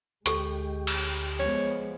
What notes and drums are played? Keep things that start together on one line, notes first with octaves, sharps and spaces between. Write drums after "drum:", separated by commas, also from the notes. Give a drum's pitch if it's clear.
D2 G#3 G4 A4 C#6, drum: hi-hat
drum: cymbal
F3 G#3 B3 C#5